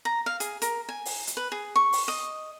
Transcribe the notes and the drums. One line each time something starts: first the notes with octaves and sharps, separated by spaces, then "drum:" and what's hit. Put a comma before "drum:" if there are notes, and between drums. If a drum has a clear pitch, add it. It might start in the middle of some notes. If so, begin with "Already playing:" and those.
A#5
F5
G#4, drum: hi-hat
A#4, drum: hi-hat
G#5
drum: open hi-hat
drum: hi-hat
B4
G#4
C#6
drum: open hi-hat
D#5